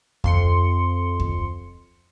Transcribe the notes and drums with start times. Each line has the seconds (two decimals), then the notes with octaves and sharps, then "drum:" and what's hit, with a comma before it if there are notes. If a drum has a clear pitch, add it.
0.24 F2 C6 C#7, drum: kick
1.20 drum: kick